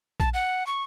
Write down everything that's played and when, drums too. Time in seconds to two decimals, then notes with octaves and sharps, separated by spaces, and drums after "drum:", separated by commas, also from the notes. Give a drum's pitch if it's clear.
0.20 A5, drum: kick A#1
0.34 F#5
0.67 C#6